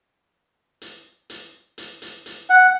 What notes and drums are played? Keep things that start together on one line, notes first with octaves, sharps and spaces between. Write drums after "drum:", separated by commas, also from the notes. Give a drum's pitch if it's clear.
drum: hi-hat
drum: hi-hat
drum: hi-hat
drum: hi-hat
drum: hi-hat
F#5